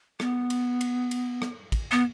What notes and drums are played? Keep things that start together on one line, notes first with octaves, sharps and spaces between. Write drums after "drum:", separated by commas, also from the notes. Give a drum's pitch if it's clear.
B3, drum: rim click
drum: cymbal
drum: cymbal
drum: cymbal
drum: rim click
drum: kick, cymbal
B3